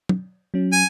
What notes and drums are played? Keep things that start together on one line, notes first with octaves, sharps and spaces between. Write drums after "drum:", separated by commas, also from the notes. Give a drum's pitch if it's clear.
drum: tom
F#3 C#4
G#5